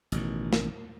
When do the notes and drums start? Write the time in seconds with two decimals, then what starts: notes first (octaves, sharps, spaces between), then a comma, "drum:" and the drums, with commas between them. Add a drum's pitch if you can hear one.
0.12 A1 B2 D#3, drum: hi-hat
0.53 drum: snare